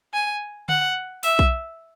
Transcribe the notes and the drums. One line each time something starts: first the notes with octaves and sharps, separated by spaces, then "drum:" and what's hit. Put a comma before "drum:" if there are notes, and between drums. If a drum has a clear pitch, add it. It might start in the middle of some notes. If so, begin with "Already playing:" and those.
G#5
F#5, drum: tom D3
E5, drum: open hi-hat
drum: kick B1